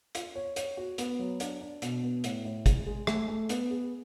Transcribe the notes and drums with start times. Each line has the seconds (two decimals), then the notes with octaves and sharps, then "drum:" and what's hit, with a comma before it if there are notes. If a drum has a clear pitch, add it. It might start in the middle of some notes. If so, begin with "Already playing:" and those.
0.15 F4, drum: hi-hat
0.35 C#5
0.56 C#5, drum: hi-hat
0.77 F#4
0.98 B3, drum: hi-hat
1.19 F#3
1.40 D4, drum: hi-hat
1.61 D4
1.82 B2, drum: hi-hat
2.03 B3
2.24 A2, drum: hi-hat
2.45 A2
2.66 G#3, drum: kick, hi-hat
2.86 G#3
3.07 A3, drum: rim click
3.28 A3
3.49 B3, drum: hi-hat
3.71 G#4